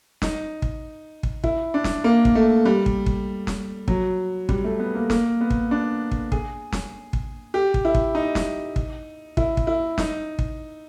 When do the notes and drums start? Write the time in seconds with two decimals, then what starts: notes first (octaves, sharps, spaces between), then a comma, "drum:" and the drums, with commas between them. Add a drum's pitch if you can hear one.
0.22 D#4, drum: snare
0.62 drum: kick
1.23 drum: kick
1.44 E4, drum: kick
1.74 D4
1.84 drum: snare
2.04 A#3
2.25 drum: kick
2.35 A3
2.65 G3
2.86 drum: kick
3.06 drum: kick
3.47 drum: snare
3.88 F#3, drum: kick
4.49 G3, drum: kick
4.64 A3
4.79 B3
4.95 A#3
5.10 A#3, drum: snare
5.41 B3
5.50 drum: kick
5.71 D4
6.11 drum: kick
6.32 G#4, drum: kick
6.72 drum: snare
7.13 drum: kick
7.54 G4
7.74 drum: kick
7.85 E4
7.95 drum: kick
8.15 D#4
8.35 drum: snare
8.76 drum: kick
9.37 E4, drum: kick
9.57 drum: kick
9.67 E4
9.98 D#4, drum: snare
10.39 drum: kick